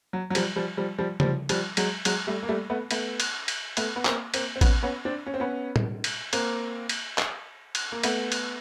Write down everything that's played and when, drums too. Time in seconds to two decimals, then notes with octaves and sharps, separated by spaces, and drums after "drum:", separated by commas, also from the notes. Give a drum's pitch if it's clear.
0.13 F#3
0.30 F#3
0.35 F3 G3, drum: cymbal
0.56 F3 G3
0.77 F3 G3
0.99 F3 G3
1.20 F3 G3, drum: tom C#3
1.49 F3 G3, drum: cymbal
1.77 F#3 G#3, drum: cymbal
2.05 F#3 G#3, drum: cymbal
2.27 G3 A3
2.43 A#3
2.49 G3 A3
2.70 A3 B3
2.91 A3 B3, drum: cymbal
3.20 drum: cymbal
3.48 drum: cymbal
3.77 A3 B3, drum: cymbal
3.96 B3
4.05 A#3 C4, drum: clap
4.34 A#3 C4, drum: cymbal
4.56 C4
4.61 B3 C#4, drum: kick A1, cymbal
4.83 B3 C#4
5.05 C4 D4
5.26 C#4
5.34 C4
5.40 B3 C#4
5.76 drum: tom A2
6.04 drum: cymbal
6.33 A#3 C4, drum: cymbal
6.89 drum: cymbal
7.18 drum: clap
7.75 drum: cymbal
7.92 A#3
8.03 A3 B3, drum: cymbal
8.32 drum: cymbal